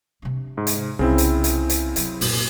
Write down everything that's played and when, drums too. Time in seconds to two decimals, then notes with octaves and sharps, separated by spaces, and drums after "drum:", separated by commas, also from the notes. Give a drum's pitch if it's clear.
0.22 C3 D4
0.57 G#2
0.67 drum: hi-hat
0.99 C2 C#3 C4 E4
1.18 drum: hi-hat
1.44 drum: hi-hat
1.70 drum: hi-hat
1.96 F#3, drum: hi-hat
2.21 F#2 A#2, drum: open hi-hat